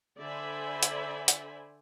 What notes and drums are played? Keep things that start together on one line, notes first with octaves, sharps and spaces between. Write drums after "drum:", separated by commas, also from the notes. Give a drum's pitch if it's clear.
D3 C5 D5 E5 G#5 B5
drum: hi-hat
drum: hi-hat